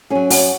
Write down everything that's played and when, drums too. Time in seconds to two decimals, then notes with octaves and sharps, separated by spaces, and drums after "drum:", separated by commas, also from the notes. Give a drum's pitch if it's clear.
0.10 F#3 C#4 G#4
0.30 F#2 F#4, drum: open hi-hat